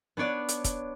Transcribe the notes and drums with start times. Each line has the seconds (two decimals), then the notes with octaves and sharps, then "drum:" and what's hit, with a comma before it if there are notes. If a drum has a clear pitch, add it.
0.17 B3 D4 C#5 D5
0.49 drum: hi-hat
0.64 drum: kick, hi-hat